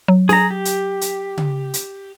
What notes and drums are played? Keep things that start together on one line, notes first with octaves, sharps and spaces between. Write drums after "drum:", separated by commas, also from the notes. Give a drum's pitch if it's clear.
F#3
G#4 A#5, drum: snare
G4
drum: hi-hat
drum: hi-hat
drum: tom C#3
drum: hi-hat